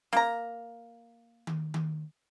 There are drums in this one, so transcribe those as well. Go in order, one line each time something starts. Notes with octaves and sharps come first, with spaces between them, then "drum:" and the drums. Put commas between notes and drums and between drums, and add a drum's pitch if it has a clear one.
A#3 A#5, drum: snare
drum: tom D#3
drum: tom D#3